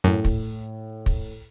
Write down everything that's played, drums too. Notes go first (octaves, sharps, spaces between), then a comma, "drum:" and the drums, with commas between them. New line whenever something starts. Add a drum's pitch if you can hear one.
F#2 A2
drum: kick
drum: kick